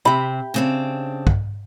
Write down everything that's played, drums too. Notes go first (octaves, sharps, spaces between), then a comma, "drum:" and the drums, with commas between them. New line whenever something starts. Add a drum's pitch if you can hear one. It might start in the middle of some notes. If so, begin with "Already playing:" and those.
C3 C4 G4 E5 B5
C#3 C4 D4
drum: kick